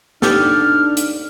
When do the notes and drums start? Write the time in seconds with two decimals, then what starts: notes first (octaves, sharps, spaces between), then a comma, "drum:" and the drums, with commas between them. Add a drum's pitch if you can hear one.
0.22 D4 D#4 G4 A4 F6, drum: snare
0.97 drum: hi-hat